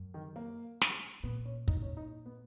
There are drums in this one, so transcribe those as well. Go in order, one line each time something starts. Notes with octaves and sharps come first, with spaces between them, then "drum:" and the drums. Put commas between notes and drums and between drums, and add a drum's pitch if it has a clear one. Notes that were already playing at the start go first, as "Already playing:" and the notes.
Already playing: F#2
D#3
A#3
drum: snare
A#2 B3
C#4
D#4, drum: kick
C#4
D#4
B3